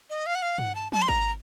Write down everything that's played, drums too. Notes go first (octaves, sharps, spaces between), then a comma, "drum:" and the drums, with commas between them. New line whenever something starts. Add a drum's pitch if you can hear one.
D#5
F5
F#5
F5
F#5, drum: tom
A5
A5, drum: tom F3
C6
A#5, drum: kick G#1